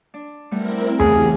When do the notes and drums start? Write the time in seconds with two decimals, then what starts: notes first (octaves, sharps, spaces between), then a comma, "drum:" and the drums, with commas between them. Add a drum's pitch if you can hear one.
0.14 D4
0.51 G3 A3 B3 C4 E4 A#4
1.00 E2 C#3 A3 B3 G4 G#4, drum: tom E2